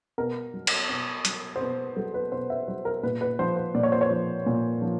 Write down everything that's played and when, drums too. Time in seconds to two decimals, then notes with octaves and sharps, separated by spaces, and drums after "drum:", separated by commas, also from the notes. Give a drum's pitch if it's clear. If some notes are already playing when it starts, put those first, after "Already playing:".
0.18 B2 A#4
0.54 F#3
0.67 drum: cymbal
0.89 B2
1.25 F#3, drum: hi-hat
1.56 C5
1.61 B2 B4
1.96 F#3 A4
2.14 B4
2.32 B2 C5
2.50 E5
2.68 F#3 C5
2.85 A#4
3.03 A#2 B4
3.21 B4
3.39 F3 C5
3.57 C5
3.74 A#2 D5
3.83 C#5
3.92 C5
4.01 C#5
4.11 F3
4.46 A#2
4.82 F3